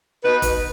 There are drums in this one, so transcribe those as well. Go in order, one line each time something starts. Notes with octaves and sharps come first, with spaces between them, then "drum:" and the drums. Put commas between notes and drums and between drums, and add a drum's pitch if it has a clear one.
B2 B3 D#4 B4
drum: kick F1, hi-hat